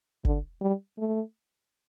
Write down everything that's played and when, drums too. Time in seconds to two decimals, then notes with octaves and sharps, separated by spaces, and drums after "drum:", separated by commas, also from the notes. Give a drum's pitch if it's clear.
0.25 D3, drum: kick G1
0.61 G3
0.98 A3